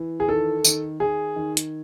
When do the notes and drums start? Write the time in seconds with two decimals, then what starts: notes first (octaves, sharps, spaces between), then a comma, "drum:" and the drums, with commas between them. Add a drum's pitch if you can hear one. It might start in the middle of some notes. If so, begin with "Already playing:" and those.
Already playing: E3
0.20 G#4
0.28 D#3 A4
0.65 D#3, drum: tambourine
1.00 D#3 G#4
1.36 D#3
1.57 drum: hi-hat